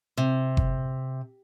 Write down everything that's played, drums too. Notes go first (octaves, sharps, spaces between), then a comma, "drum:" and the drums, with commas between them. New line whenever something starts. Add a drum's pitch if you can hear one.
C3
drum: kick F#1